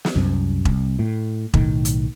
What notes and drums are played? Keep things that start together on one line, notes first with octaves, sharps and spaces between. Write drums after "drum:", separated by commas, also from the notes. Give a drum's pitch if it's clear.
drum: snare
C2 F#2
C2, drum: kick E1
A2
B1 A2 D#3, drum: kick E1
drum: hi-hat